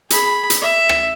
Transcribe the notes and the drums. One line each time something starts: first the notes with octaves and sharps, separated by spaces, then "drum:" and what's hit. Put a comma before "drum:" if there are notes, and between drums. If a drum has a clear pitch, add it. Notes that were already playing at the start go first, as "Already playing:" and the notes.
G#4 B5, drum: hi-hat
drum: hi-hat
E5
drum: rim click